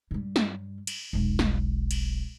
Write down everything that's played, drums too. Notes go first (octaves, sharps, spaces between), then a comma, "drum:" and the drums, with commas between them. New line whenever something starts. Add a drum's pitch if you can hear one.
G2 G3
drum: snare
drum: cymbal
E1 B1
drum: snare
drum: cymbal